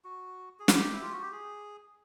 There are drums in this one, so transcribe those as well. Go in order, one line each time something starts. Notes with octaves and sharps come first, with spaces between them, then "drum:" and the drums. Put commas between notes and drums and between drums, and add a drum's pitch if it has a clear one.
F#4
G#4
G4, drum: snare
E4
F4
F#4
G4
G#4